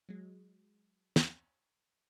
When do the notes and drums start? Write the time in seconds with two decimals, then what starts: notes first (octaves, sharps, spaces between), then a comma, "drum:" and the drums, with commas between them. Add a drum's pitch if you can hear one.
0.09 F#3 G#3
1.16 drum: snare